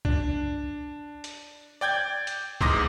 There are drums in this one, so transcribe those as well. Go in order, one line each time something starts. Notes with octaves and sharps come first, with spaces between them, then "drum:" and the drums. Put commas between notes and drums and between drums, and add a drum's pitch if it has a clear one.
D4, drum: kick B1
drum: hi-hat
D5 G5 G6 G#6
drum: hi-hat
E2 G#2 C6 D6 D#6 A#6, drum: kick B1